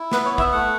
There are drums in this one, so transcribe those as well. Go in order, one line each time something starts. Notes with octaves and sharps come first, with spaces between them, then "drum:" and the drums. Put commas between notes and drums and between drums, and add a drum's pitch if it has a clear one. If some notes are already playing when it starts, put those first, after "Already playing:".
Already playing: E4
B3 B4, drum: snare
C#5
B3
E5, drum: kick
A3 F#5